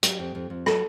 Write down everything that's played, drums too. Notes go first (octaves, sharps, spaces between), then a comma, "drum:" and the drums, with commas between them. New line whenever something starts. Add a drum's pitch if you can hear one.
F#3 G4, drum: hi-hat
F2
F2
F2
F#3 A4, drum: rim click